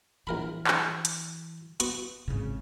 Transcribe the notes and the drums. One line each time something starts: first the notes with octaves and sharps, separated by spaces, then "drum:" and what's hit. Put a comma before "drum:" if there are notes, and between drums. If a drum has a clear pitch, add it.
A#1 E3 A#4 B5
drum: clap
drum: hi-hat
B3 F#4 C#6, drum: hi-hat
G#1 C#3